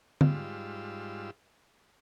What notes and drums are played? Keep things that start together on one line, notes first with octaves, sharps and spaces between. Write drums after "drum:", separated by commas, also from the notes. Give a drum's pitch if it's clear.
G#2 G3 F4 E6, drum: tom D3